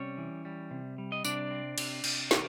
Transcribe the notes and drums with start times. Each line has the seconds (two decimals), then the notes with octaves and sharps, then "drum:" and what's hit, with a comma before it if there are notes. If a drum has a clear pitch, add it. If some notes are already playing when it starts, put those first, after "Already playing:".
Already playing: C3 G3 C#4 C#5
0.18 E3
0.45 G3
0.71 C3
0.98 G3
1.12 D#5
1.25 C3 D4 D5, drum: tambourine
1.51 C4
1.78 C3, drum: cymbal
2.04 C3, drum: cymbal
2.31 E3, drum: snare